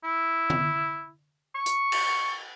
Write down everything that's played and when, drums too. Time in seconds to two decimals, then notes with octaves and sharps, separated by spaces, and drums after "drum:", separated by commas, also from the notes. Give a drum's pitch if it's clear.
0.04 E4
0.50 drum: tom
1.55 C#6
1.66 drum: hi-hat
1.92 drum: cymbal